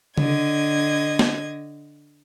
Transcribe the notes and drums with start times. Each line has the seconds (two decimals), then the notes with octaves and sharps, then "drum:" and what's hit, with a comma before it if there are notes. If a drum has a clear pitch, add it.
0.18 D3 D#5 G#6, drum: tom C#3
1.19 drum: snare